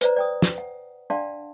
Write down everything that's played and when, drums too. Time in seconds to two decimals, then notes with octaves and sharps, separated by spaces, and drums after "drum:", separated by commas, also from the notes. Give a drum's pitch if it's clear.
0.01 B4 C5 D5 A#5, drum: hi-hat
0.16 D5 G5 D#6
0.42 drum: snare
0.58 F#5
1.10 D4 D5 F5 F#5 A5 C6